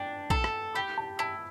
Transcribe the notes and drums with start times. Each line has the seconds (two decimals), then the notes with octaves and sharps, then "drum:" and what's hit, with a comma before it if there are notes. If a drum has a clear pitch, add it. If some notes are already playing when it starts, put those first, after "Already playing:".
Already playing: D4 G5
0.30 A4 A5, drum: kick
0.44 drum: rim click
0.75 G4 B5
0.98 A5
1.19 E4 A5